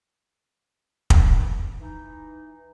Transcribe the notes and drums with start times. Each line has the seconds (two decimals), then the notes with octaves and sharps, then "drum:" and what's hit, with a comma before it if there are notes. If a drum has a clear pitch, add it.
1.10 drum: kick
1.80 E3 D#4